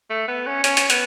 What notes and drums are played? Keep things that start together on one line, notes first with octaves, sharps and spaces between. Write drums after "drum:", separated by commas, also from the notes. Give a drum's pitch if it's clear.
A3
B3
C#4
C#4, drum: hi-hat
drum: hi-hat
B3, drum: hi-hat